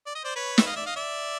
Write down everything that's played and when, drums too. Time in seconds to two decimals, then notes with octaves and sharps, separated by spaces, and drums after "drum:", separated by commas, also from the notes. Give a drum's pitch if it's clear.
0.07 D5
0.15 D#5
0.24 C5 D5
0.36 B4 C#5
0.58 E5, drum: snare
0.66 D#5 F5
0.76 D5 E5
0.86 D#5 F5
0.96 D5 E5